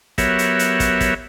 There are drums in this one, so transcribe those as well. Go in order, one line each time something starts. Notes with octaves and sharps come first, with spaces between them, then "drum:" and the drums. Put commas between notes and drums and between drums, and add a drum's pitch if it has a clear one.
F#3 B3 G4 A#4 C#5 E5, drum: kick, hi-hat
drum: hi-hat
drum: hi-hat
drum: kick, hi-hat
drum: kick, hi-hat